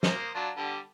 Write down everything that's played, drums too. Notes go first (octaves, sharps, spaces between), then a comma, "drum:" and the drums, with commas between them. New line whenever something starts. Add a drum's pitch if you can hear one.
A#3 C5 D#6, drum: snare
F#3 D4 F4
D3 G3 B3